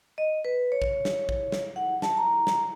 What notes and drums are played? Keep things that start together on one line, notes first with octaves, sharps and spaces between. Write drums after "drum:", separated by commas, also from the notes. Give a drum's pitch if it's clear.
D#5
B4
C#5
drum: kick
drum: snare
drum: kick
drum: snare
F#5
A5, drum: snare
A#5
drum: snare